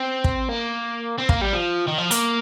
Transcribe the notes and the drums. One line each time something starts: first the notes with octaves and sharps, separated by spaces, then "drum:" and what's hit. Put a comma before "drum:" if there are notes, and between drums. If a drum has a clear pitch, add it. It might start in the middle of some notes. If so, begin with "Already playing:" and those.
Already playing: C4
drum: kick
A#3
C4
A#3, drum: kick
G3
F3
D#3
F3
A#3, drum: hi-hat